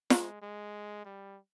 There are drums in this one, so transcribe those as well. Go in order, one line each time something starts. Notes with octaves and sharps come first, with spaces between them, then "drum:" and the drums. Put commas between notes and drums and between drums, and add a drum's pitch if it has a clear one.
G#3, drum: snare
G#3
G3